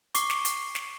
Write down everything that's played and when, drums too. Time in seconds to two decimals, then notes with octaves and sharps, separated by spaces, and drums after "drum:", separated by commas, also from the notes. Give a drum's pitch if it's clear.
0.15 C#6 D6 C7 G7, drum: hi-hat
0.30 drum: snare
0.45 drum: hi-hat
0.75 drum: snare